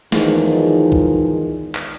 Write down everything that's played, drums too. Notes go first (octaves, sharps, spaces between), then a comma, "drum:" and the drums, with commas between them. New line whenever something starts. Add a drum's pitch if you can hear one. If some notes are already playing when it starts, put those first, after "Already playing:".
E2 D#3 F3 G#3, drum: snare
drum: kick B1
drum: clap